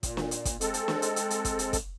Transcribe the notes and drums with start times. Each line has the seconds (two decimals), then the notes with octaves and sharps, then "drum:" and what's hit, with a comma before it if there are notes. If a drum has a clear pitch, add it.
0.03 A#2, drum: kick, hi-hat
0.17 drum: snare
0.31 drum: hi-hat
0.45 drum: kick, hi-hat
0.61 G#3 C4 A4, drum: hi-hat
0.74 drum: hi-hat
0.88 drum: snare
1.02 drum: hi-hat
1.16 drum: hi-hat
1.30 drum: hi-hat
1.45 drum: kick, hi-hat
1.59 drum: hi-hat
1.73 drum: kick, hi-hat